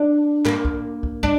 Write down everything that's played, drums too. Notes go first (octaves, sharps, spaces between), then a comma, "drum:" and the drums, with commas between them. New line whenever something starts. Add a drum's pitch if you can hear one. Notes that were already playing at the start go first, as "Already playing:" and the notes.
Already playing: D4
A#3, drum: clap
drum: kick
drum: kick
D4, drum: kick